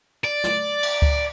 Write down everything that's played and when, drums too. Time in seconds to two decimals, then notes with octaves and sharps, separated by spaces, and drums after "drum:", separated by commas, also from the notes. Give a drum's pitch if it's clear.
0.24 D5
0.44 drum: snare
0.83 drum: cymbal
1.02 drum: kick C#2